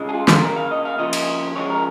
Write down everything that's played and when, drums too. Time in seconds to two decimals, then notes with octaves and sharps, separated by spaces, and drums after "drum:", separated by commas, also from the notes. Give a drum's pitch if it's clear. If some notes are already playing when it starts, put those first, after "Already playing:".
Already playing: C#3 G#3
0.09 G#4
0.14 F4
0.28 F4, drum: snare
0.42 C#3 A#3 A#4
0.56 F5
0.71 D#5
0.85 F5
0.99 C#3 F3 A#3 D#5
1.13 drum: cymbal
1.56 C#3 F3 G#3 C#5
1.70 A#4